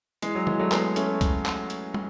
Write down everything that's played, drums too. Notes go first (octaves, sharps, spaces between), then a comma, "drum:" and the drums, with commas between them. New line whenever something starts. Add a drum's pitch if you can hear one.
E3 G#3, drum: hi-hat
F#3
E3 G#3, drum: tom D#3
F#3 A3
G#3 B3, drum: clap
A3 C#4, drum: hi-hat
drum: kick, hi-hat
drum: clap
drum: hi-hat
drum: tom